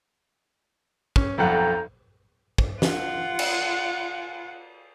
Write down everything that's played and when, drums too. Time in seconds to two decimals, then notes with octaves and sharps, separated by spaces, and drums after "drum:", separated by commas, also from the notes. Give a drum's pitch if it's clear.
1.16 C#4, drum: kick
1.38 B1 F2 A4 F#5 G5 A#5
2.58 drum: kick
2.82 F4 F#5, drum: snare
3.39 drum: cymbal